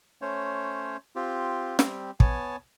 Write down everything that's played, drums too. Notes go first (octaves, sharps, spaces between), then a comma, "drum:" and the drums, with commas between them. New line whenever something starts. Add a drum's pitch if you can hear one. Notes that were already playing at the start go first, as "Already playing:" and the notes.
A3 C#4 C5 C#5
C4 F4 G4
G3 C4 G4, drum: snare
B3 C#5 G#5 A5, drum: kick